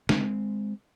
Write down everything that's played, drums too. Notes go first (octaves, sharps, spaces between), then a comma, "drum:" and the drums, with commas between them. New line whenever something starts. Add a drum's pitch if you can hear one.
G#3 C4, drum: snare